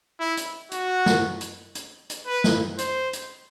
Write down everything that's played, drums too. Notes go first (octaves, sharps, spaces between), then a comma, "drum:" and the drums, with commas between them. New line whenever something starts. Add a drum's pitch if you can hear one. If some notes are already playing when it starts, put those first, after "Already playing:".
E4
drum: hi-hat
F#4, drum: hi-hat
drum: snare
drum: hi-hat
drum: hi-hat
drum: hi-hat
B4
drum: snare
C5, drum: hi-hat
drum: hi-hat